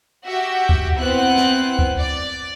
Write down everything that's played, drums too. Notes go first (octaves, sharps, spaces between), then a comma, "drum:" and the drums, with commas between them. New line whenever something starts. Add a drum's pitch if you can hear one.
F#4 G4 E5
drum: kick C#2
B3 C4 E4 F#6
drum: snare
drum: kick C#2
D5